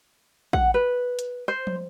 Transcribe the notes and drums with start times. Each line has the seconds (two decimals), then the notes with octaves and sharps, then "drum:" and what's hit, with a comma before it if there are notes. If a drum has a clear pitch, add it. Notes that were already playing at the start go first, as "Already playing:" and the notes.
0.53 F#5, drum: kick
0.74 B4
1.19 drum: hi-hat
1.48 C5
1.67 drum: tom